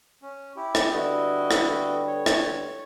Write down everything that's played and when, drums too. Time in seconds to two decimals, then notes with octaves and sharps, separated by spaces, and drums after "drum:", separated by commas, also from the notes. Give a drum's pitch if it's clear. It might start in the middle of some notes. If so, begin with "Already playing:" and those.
0.22 C#4
0.56 E4 G4
0.75 drum: rim click
0.92 D3 G3 B3 E4 F#4 D#5
1.51 drum: rim click
2.07 C#5
2.26 drum: rim click